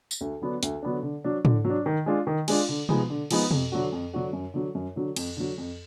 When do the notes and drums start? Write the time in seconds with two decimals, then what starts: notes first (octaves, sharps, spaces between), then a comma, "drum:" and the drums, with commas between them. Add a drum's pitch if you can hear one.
0.11 drum: tambourine
0.21 D2
0.41 D3 F#3 B3 D4
0.63 D2, drum: hi-hat
0.82 D3 F#3 B3 D4
1.03 D3
1.24 F#3 D4
1.45 D3, drum: tom
1.65 F#3
1.70 D4
1.86 D#3
2.06 G#3 D4 F4
2.27 D#3
2.48 G#3 D4 F4, drum: cymbal
2.69 D3
2.89 F3 G#3 B3 D#4, drum: tom
3.10 D3
3.31 F3 G#3 B3 D#4, drum: cymbal
3.51 F2, drum: tom
3.72 D3 F#3 D4 F#4
3.92 F2
4.13 D3 F#3 D4 F#4
4.33 F#2
4.54 D3 F#3
4.75 F#2
4.96 D3 F#3
5.16 F2, drum: cymbal
5.37 D3 F#3
5.58 F2